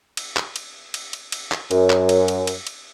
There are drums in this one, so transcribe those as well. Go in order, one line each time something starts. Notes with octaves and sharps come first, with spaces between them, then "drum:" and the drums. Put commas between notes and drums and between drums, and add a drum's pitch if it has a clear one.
drum: cymbal
drum: clap
drum: cymbal
drum: cymbal
drum: cymbal
drum: cymbal
drum: clap
F#2, drum: cymbal
drum: clap
drum: cymbal
drum: cymbal
drum: cymbal
drum: cymbal